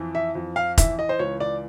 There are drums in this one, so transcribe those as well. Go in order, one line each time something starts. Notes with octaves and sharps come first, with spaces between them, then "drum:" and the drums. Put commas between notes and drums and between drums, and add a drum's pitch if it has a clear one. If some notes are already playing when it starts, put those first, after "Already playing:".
Already playing: F2 E3
E5
F2
F5
E3 E5, drum: kick F1, hi-hat
D#5
C5
C#2 C#5
D5